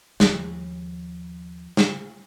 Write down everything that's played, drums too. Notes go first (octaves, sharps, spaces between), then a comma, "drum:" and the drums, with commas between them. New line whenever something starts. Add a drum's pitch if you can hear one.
D#2 F3, drum: snare
drum: snare